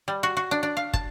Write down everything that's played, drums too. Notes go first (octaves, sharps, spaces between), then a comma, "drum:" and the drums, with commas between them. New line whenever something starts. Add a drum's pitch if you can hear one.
G3
F#4
F#4
D4
D4
F5
A5, drum: kick